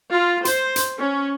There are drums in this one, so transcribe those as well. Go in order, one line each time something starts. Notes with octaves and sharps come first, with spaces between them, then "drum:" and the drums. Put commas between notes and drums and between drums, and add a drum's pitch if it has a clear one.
F4
C5, drum: hi-hat
drum: hi-hat
C#4